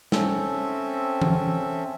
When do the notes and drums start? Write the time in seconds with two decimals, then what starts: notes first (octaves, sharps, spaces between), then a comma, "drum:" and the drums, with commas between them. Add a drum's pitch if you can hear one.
0.12 C4 C#4 A4 E5, drum: snare
1.22 drum: tom E3